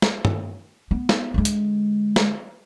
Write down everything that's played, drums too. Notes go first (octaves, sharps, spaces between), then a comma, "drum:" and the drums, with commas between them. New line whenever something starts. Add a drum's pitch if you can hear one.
drum: snare
drum: tom G2
B3
drum: snare
D3 G#3
drum: hi-hat
drum: snare